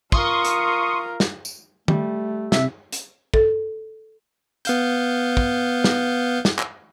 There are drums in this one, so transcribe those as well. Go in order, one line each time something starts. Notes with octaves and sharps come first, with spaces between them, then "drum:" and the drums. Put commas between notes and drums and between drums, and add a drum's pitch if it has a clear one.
F4 A#4 C6 C#6 D#6, drum: kick
drum: hi-hat
drum: snare
drum: tambourine
G3 A3, drum: tom
C3 E5, drum: snare
drum: hi-hat
A4, drum: kick
B3 F5 G6, drum: hi-hat
drum: kick
drum: snare
drum: snare
drum: clap